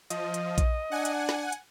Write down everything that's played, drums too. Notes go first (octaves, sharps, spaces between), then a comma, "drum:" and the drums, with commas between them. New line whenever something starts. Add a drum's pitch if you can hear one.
F3 D#5, drum: hi-hat
drum: hi-hat
drum: kick A#1, hi-hat
D4 F#5 G#5
drum: hi-hat
drum: snare
drum: hi-hat